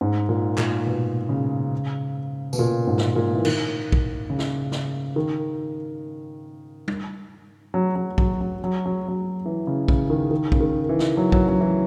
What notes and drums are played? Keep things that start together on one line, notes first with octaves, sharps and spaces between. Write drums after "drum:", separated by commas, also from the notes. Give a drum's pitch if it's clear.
G#2
A#2
A#2, drum: clap
B2
C#3
B2, drum: tambourine
A#2
G#2
drum: snare
A#2
E3
D#3, drum: cymbal
drum: kick
C#3
drum: snare
drum: snare
D#3
drum: tom G3
F#3
F#3
F#3, drum: kick
F#3
F#3
F#3
F#3
E3
C#3
C#3, drum: kick
D#3
D#3
C#3, drum: kick
D#3
E3
drum: snare
F#3
F#3, drum: kick
F#3
E3